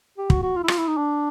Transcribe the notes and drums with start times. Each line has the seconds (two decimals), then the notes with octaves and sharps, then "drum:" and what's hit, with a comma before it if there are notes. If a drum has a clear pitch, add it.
0.18 G4
0.30 F#4, drum: kick
0.43 F#4
0.56 F4
0.64 E4
0.68 F4, drum: rim click
0.78 E4
0.88 D#4
0.97 D4